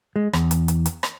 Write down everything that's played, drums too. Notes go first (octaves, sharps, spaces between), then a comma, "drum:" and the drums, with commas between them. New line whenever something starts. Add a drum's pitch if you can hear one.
G#3
E2, drum: rim click
drum: hi-hat
drum: hi-hat
drum: hi-hat
drum: rim click